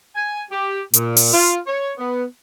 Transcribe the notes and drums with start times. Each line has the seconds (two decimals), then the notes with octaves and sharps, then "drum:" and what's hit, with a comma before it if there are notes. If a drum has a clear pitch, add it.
0.15 G#5
0.51 G4
0.93 A#2, drum: hi-hat
1.17 drum: open hi-hat
1.32 F4
1.67 C#5
1.98 B3